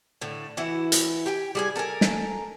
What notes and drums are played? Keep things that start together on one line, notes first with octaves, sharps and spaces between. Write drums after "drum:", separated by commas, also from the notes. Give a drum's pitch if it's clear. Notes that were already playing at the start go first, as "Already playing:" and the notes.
A2 D3
E3 E4 F#4
drum: hi-hat
G4 G5 G#5
G3 G#4 G#5
A4 A#4 D#5 G#5
drum: snare